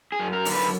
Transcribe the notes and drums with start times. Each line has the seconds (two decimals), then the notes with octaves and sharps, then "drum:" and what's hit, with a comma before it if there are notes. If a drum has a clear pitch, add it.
0.12 G#4
0.19 F#2
0.33 A#4
0.45 D3, drum: open hi-hat
0.53 B4